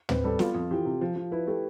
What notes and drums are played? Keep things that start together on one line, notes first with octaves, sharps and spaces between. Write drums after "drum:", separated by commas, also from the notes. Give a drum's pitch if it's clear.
C4 B4, drum: tom
G3 A4
B3 F4, drum: snare
F2
E3 G4
C3
F3
F3
E4 B4
A3 G4